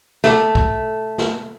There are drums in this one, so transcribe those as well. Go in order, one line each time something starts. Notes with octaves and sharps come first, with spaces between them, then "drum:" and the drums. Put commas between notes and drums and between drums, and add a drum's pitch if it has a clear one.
A3, drum: snare
drum: kick
drum: snare